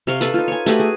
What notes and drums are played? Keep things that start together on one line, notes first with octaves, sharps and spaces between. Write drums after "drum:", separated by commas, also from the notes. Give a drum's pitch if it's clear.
C3 F5 C#6
A4 B4, drum: hi-hat
D#4 F4
C#5 G#5
A3 F#4 G4 B4, drum: hi-hat
G#4